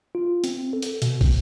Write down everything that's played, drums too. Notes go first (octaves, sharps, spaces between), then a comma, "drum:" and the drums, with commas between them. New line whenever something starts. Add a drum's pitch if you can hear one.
F4
C4, drum: hi-hat
A4
drum: hi-hat
B2, drum: hi-hat
drum: kick, open hi-hat